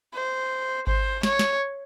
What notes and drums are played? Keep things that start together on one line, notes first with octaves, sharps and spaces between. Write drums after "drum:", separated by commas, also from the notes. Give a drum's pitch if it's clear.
C5
C5, drum: kick G#1
C#5, drum: snare
drum: snare